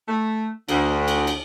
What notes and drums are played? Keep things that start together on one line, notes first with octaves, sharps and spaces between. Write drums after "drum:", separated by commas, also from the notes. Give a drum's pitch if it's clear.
A3
D2, drum: cymbal
drum: cymbal
drum: cymbal